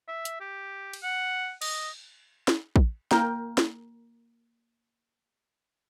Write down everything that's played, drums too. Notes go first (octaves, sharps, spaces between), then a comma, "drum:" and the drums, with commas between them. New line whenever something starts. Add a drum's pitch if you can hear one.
E5
drum: hi-hat
G4
drum: cymbal
F#5
D#5, drum: cymbal
drum: snare
drum: kick
A#3 A#4 G5, drum: snare
drum: snare